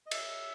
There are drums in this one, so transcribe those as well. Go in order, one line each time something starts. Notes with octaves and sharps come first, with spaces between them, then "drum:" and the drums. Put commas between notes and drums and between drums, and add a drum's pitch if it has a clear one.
D#5
E5, drum: cymbal